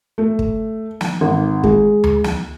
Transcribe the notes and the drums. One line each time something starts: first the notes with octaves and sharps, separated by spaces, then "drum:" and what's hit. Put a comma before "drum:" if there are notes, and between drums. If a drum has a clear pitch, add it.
A3
drum: kick
drum: snare
G#1
G#3, drum: kick
drum: tom D2
drum: snare